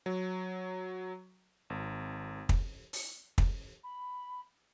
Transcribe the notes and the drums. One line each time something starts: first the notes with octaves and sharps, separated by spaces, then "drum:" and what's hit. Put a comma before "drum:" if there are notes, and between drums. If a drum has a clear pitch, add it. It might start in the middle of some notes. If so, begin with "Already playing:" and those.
F#3
G#1
drum: kick
drum: open hi-hat
drum: kick
B5